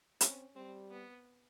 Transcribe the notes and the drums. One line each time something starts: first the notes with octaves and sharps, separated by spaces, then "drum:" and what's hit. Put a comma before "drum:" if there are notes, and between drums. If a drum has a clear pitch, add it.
C4 C#4, drum: hi-hat
G3 C4
B3